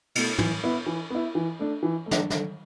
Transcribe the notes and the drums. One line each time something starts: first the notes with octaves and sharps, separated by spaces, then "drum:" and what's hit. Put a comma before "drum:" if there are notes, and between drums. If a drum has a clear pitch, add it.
B2 A3, drum: cymbal
E3, drum: tom
B3 E4
E3
B3 E4
E3
A3 D4
E3
A3
D4, drum: snare
D3, drum: snare